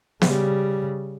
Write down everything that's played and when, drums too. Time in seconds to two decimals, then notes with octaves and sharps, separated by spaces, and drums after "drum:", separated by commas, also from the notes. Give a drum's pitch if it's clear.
0.21 C#3 G3, drum: snare